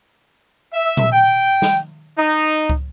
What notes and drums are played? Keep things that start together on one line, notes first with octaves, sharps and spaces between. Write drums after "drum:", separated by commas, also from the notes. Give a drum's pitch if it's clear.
E5
drum: tom A#2
G5
drum: snare
D#4
drum: kick